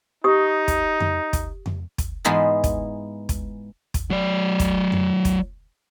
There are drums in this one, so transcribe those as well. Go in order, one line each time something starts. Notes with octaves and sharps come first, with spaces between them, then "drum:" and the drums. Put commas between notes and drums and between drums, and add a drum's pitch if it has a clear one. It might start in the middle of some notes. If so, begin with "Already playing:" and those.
D#4 G4 D#6
drum: kick, hi-hat
drum: tom F2
drum: kick, hi-hat
drum: tom F2
drum: kick, hi-hat
G#2 E3 G#3 B3 D#4 F4
drum: kick, hi-hat
drum: kick, hi-hat
drum: kick, hi-hat
F#3 D5
drum: kick, hi-hat
drum: tom F2
drum: kick, hi-hat